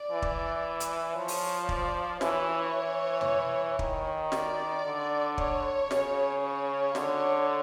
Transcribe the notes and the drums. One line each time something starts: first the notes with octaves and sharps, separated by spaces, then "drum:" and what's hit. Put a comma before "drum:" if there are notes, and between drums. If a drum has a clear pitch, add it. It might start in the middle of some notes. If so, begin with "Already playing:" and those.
Already playing: D5
E3
drum: kick
drum: hi-hat
F3 C#5
drum: open hi-hat
D5, drum: kick
E3 C#5, drum: snare
E3
drum: tom
D#3, drum: kick
D5, drum: snare
D3
C#5, drum: kick
C#3, drum: snare
C#5
D3, drum: snare